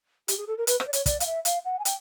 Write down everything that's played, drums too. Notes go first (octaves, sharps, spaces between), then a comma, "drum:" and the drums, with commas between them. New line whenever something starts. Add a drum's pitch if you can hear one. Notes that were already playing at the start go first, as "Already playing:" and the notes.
G4, drum: hi-hat
G#4
A4
A#4
B4, drum: hi-hat
C5, drum: rim click
D5
C#5, drum: hi-hat
D5, drum: kick, hi-hat
F5, drum: hi-hat
E5
F5, drum: hi-hat
F#5
G#5
G5, drum: hi-hat